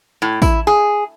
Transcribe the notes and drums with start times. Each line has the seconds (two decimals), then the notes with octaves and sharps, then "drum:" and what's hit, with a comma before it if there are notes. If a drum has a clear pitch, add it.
0.22 A2
0.42 E4, drum: kick A1, tambourine
0.67 G#4